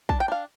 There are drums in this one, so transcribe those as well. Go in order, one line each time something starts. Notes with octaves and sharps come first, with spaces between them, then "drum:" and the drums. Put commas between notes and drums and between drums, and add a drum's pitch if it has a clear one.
D4 A5, drum: kick
G5
D4 F5